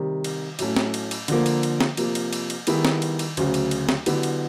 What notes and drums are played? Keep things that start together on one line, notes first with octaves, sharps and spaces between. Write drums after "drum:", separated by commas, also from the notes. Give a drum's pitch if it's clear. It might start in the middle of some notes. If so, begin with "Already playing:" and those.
Already playing: C3 D#3 G3
drum: cymbal
A2 F#3 A3 C#4, drum: cymbal
drum: snare
drum: cymbal
drum: cymbal
D3 F3 A#3, drum: cymbal
drum: cymbal
drum: cymbal
drum: snare
C3 F3 A#3, drum: cymbal
drum: cymbal
drum: cymbal
drum: cymbal
D#3 G3 B3 E4 G#4, drum: cymbal
drum: snare
drum: cymbal
drum: cymbal
D2 C#3 F#3, drum: cymbal
drum: cymbal
drum: cymbal
drum: snare
D3 F#3 B3 E4 G4, drum: cymbal
drum: cymbal